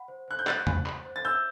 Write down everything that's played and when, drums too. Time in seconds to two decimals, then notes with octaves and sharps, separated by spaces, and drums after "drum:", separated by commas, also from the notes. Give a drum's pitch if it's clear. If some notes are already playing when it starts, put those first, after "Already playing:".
Already playing: F#5 B5
0.08 C5
0.28 C5 F#6
0.39 G6
0.47 F#5 F#6 A6, drum: clap
0.67 B5, drum: tom E2
0.86 B5, drum: clap
1.05 C5
1.16 A6
1.25 E5 E6 G6